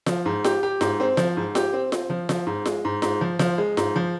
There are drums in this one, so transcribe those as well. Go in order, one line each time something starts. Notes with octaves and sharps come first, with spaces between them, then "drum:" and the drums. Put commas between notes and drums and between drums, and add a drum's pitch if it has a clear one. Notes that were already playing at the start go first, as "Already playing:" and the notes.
F3, drum: snare F4
G#2
G4, drum: snare F4
G4
G#2, drum: snare F4
C4
F3, drum: snare F4
G#2
G4, drum: snare F4
C4
C4, drum: snare F4
F3
F3, drum: snare F4
G#2
G#3, drum: snare F4
G#2
G#2, drum: snare F4
F3
F3, drum: snare F4
G#3
G#2, drum: snare F4
F3